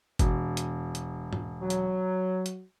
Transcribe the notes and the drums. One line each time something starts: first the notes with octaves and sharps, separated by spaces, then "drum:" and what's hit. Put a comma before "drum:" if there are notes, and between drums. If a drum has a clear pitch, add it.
E1, drum: kick G1, hi-hat
drum: hi-hat
drum: hi-hat
drum: tom G#2
F#3
drum: hi-hat
drum: hi-hat